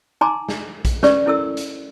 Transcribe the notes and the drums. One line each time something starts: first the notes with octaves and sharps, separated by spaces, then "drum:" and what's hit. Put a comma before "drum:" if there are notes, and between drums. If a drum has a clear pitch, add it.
D#4 G#5 A#5 C6 D6
drum: snare
drum: kick A#1, hi-hat
C#4 B4 D5 C#6, drum: snare
C#4 E4 A4 A#4 E6
drum: hi-hat